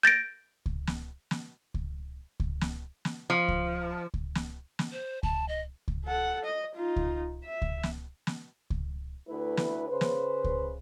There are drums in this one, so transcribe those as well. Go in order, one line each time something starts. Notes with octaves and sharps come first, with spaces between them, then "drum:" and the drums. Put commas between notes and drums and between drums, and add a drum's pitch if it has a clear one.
G6 A6 A#6 D7
drum: kick C#2
drum: snare
drum: snare
drum: kick C#2
drum: kick C#2
drum: snare
drum: snare
F3
drum: kick C#2
drum: kick C#2
drum: snare
drum: snare
C5
A5, drum: kick C#2
D#5
drum: kick C#2
A4 F#5
D#5
D#4 F4
drum: kick C#2
E5
drum: kick C#2
drum: snare
drum: snare
drum: kick C#2
D2 A3 E4 B4
drum: snare
C#3 B4 C5
drum: snare
drum: kick C#2